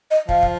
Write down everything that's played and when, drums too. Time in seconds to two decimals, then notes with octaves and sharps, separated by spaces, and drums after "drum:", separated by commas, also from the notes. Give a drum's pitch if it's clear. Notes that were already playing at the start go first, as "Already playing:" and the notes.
0.11 D#5
0.29 F3 F5, drum: kick
0.43 drum: kick